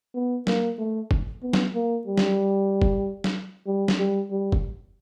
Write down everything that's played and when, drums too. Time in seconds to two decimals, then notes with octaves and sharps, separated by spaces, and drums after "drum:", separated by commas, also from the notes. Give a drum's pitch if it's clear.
0.14 B3
0.47 A#3, drum: snare
0.79 A3
1.11 drum: kick
1.43 B3
1.53 drum: snare
1.74 A#3
2.07 G3
2.17 drum: snare
2.82 drum: kick
3.24 drum: snare
3.67 G3
3.88 drum: snare
3.99 G3
4.31 G3
4.52 drum: kick